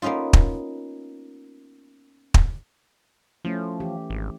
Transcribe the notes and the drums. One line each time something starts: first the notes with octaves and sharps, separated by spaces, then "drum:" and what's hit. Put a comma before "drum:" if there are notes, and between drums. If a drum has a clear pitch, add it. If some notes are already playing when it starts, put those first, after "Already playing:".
A#3 B3 C#4 D#4 F4
drum: kick
drum: kick
F3 A3 C#4 E4
E3 G4
G#1